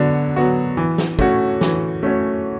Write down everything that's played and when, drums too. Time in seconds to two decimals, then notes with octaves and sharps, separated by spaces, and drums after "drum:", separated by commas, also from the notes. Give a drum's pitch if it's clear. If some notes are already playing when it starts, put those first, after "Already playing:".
Already playing: D3 F#3 B3 F#4
0.36 F#3 B3 F#4
0.77 E3
0.98 drum: snare
1.19 A3 C#4 F#4 C#5, drum: kick
1.61 E3, drum: snare
2.03 A3 C#4 F#4 C#5